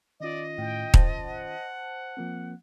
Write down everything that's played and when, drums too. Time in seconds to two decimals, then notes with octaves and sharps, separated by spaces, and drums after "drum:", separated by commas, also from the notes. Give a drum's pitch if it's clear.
0.20 D#3 C#4 F4 D5 D#5
0.58 A2 G5
0.94 C5 A5, drum: kick D#1
1.25 F#5
2.17 F3 A#3 C4